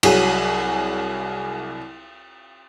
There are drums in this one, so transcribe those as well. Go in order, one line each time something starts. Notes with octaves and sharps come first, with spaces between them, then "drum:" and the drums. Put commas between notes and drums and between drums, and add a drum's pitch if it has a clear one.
C2 F#3 G#4 D#7, drum: cymbal